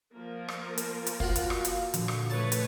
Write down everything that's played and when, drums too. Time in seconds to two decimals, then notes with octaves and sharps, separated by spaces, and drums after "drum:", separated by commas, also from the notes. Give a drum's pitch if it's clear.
0.13 F3 A#3 A#4
0.48 drum: rim click
0.77 drum: hi-hat
1.07 drum: hi-hat
1.20 F4 F#4 F5, drum: kick
1.36 drum: hi-hat
1.50 drum: rim click
1.65 drum: hi-hat
1.94 A#2 D3 F3, drum: hi-hat
2.08 drum: rim click
2.30 A3 B4 C#5 A5
2.52 drum: hi-hat